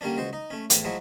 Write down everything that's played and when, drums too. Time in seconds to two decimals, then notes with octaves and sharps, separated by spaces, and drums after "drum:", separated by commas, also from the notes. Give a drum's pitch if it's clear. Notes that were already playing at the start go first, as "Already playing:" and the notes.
0.01 D3 G3 A#3 C#4 D4
0.17 C#2 G#3 F#4 C5
0.33 D#4
0.50 A3 C#4
0.70 E2 A2, drum: hi-hat
0.84 F3 F#3 G#3 E4 F#4